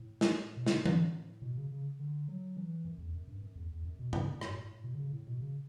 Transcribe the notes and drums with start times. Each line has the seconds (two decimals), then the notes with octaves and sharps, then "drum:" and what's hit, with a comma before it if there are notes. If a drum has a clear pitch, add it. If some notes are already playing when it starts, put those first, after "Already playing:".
Already playing: A2
0.21 drum: snare
0.57 B2
0.66 C#3, drum: snare
0.76 A2
0.86 drum: tom E3
1.42 B2
1.56 C#3
1.71 C#3
1.99 D3
2.28 F#3
2.57 E3
2.85 F#2
2.98 E2
3.13 F#2
3.27 G2
3.42 F#2
3.56 E2
3.71 E2
3.85 F#2
3.99 B2
4.13 C#3, drum: tom F#2
4.27 A2
4.41 G2, drum: rim click
4.56 A2
4.84 B2
4.94 D3
4.98 C#3
5.12 A2
5.27 B2
5.41 C#3